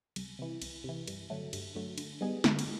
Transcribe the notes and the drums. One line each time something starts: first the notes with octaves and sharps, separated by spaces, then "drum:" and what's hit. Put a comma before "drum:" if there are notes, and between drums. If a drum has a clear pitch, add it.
C2, drum: cymbal
C3 E3
C2, drum: cymbal
C3 E3
G2, drum: cymbal
D3 F#3 A3
G2, drum: cymbal
D3 F#3 A3
D3, drum: cymbal
G3 B3 D#4 G#4
D3, drum: snare
drum: cymbal